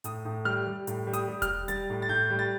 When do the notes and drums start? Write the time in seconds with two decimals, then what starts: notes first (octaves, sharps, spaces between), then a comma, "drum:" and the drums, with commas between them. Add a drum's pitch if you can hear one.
0.04 A2 D#6, drum: hi-hat
0.25 A2
0.45 G3 F6
0.67 G3
0.87 A2, drum: hi-hat
1.07 G3
1.13 D#6, drum: hi-hat
1.28 G3
1.42 F6, drum: kick E1, hi-hat
1.48 G3
1.68 G3 A6, drum: hi-hat
1.90 A2
2.02 A6
2.09 A2 G6
2.30 G3
2.39 A6